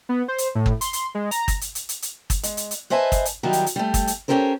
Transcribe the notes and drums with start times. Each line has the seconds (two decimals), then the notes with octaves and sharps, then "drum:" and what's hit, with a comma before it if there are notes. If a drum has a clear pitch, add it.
0.09 B3
0.28 C5
0.38 drum: hi-hat
0.55 A2
0.66 drum: kick
0.81 C6, drum: hi-hat
0.93 drum: hi-hat
1.15 G#3
1.31 A#5, drum: hi-hat
1.48 drum: kick, hi-hat
1.61 drum: hi-hat
1.75 drum: hi-hat
1.89 drum: hi-hat
2.02 drum: hi-hat
2.30 drum: kick, hi-hat
2.43 G#3, drum: hi-hat
2.57 drum: hi-hat
2.71 drum: hi-hat
2.90 B4 C5 D#5 E5 G#5 A5
3.12 drum: kick, hi-hat
3.25 drum: hi-hat
3.43 D#3 F#3 G3 D#4 E4 G4
3.53 drum: hi-hat
3.66 drum: hi-hat
3.76 G3 A3
3.94 drum: kick, hi-hat
4.07 drum: hi-hat
4.28 C#4 D4 G4 A4 A#4 C5